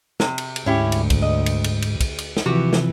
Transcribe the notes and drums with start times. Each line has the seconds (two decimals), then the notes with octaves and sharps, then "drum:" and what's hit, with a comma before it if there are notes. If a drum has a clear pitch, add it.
0.20 C3, drum: snare
0.38 drum: cymbal
0.56 drum: cymbal
0.66 D2 G#2 C#4 E4 G4
0.92 drum: cymbal
1.10 drum: kick, cymbal
1.22 D#5
1.46 drum: cymbal
1.64 drum: cymbal
1.82 drum: cymbal
2.00 drum: kick, cymbal
2.18 drum: cymbal
2.37 drum: snare
2.46 C3 E3 F3 F#4 G4
2.73 drum: snare